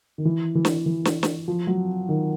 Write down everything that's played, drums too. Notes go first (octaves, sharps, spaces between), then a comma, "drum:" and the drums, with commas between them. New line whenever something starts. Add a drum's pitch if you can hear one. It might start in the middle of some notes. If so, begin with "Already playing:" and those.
D#3
E3
E3
drum: snare
E3
drum: snare
drum: snare
F3
F#3
D#3